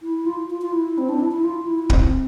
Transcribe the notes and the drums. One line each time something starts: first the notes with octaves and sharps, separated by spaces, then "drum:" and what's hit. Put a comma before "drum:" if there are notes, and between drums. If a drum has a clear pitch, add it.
E4
F4
F4
F4
E4
C4
D4
E4
E4
F4
E4
C4, drum: kick